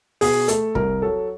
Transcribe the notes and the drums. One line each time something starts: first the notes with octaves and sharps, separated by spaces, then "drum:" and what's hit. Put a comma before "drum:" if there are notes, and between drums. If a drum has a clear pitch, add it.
B2 G#4, drum: open hi-hat
A3 A4, drum: hi-hat
C2 A#4, drum: kick
F#3 A4